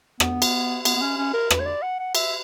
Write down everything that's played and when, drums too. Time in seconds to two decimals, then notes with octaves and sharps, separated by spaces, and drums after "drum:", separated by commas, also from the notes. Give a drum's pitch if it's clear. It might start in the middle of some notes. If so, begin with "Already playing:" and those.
0.20 B3, drum: rim click
0.42 drum: cymbal
0.85 B3, drum: cymbal
0.96 B3
1.02 C#4
1.17 C#4
1.34 A#4
1.50 B4, drum: rim click
1.60 C#5
1.66 D5
1.82 F#5
1.99 F#5
2.15 E5, drum: cymbal